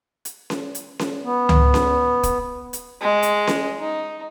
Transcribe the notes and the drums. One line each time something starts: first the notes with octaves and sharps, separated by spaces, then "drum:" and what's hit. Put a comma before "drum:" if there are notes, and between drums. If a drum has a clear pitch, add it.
drum: hi-hat
drum: snare C#4
drum: hi-hat
drum: snare C#4
B3
drum: tom C#2
drum: snare C#4
drum: kick, hi-hat
drum: hi-hat
G#3
drum: hi-hat
drum: snare C#4
D#4